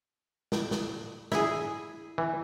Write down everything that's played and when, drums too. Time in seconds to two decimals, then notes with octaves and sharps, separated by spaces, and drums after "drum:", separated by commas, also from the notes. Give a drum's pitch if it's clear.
0.52 drum: snare
0.71 drum: snare
1.32 E4 G#4, drum: snare
2.18 E3